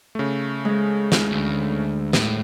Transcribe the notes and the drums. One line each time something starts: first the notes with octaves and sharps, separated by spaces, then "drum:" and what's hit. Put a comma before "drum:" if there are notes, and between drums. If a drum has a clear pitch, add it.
C#3 A3
G#3
drum: snare
D2
A2, drum: snare